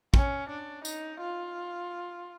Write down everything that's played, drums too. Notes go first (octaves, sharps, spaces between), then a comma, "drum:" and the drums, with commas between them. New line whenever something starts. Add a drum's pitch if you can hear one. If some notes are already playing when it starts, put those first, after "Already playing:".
C#4, drum: kick
D4
D#4, drum: tambourine
F4